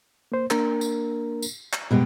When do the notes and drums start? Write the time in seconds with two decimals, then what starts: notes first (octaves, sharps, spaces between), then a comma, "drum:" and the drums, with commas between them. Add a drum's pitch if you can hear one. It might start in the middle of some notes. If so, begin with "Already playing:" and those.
0.32 A#3 C5
0.51 A#3 D4 A#4, drum: clap
0.81 drum: tambourine
1.42 drum: tambourine
1.73 drum: clap
1.91 F#2 B2 G3 G#3 G4